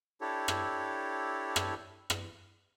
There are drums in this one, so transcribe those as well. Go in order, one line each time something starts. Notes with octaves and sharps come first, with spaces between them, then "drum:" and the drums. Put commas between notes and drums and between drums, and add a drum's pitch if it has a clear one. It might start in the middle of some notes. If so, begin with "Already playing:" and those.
D4 E4 G4 A4 C#5
drum: rim click
drum: rim click
drum: rim click